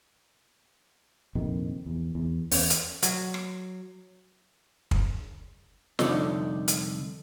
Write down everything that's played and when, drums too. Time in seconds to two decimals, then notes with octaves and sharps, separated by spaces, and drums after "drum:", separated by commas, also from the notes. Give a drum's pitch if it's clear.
1.35 A#1 F2 C3 D#3
1.86 E2
2.15 E2
2.51 E2 C#4, drum: open hi-hat
2.70 drum: hi-hat
3.02 F#3, drum: hi-hat
3.34 drum: rim click
4.91 drum: kick
5.99 C2 F2 D3 D#4 C#5 D5, drum: snare
6.68 drum: hi-hat